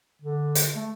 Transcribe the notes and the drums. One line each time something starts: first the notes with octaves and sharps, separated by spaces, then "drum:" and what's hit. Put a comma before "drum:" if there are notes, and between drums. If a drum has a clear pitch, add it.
D3
drum: hi-hat
A3